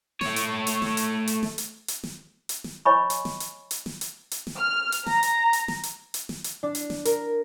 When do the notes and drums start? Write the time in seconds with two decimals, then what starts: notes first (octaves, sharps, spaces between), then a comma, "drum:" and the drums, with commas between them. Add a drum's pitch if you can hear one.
0.21 A3 C#5, drum: snare
0.36 drum: hi-hat
0.67 drum: hi-hat
0.82 drum: snare
0.97 drum: hi-hat
1.27 drum: hi-hat
1.43 drum: snare
1.58 drum: hi-hat
1.88 drum: hi-hat
2.03 drum: snare
2.49 drum: hi-hat
2.64 drum: snare
2.85 C#5 D#5 G#5 B5 C#6
3.10 drum: hi-hat
3.25 drum: snare
3.40 drum: hi-hat
3.71 drum: hi-hat
3.86 drum: snare
4.01 drum: hi-hat
4.31 drum: hi-hat
4.47 drum: snare
4.58 F6
4.92 drum: hi-hat
5.06 A#5, drum: snare
5.23 drum: hi-hat
5.53 drum: hi-hat
5.68 drum: snare
5.83 drum: hi-hat
6.14 drum: hi-hat
6.29 drum: snare
6.44 drum: hi-hat
6.63 D4
6.75 drum: hi-hat
6.90 drum: snare
7.05 A#4, drum: hi-hat